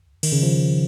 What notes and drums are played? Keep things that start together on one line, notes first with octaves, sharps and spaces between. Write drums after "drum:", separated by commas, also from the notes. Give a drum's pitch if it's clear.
D#3, drum: cymbal
C#3
F3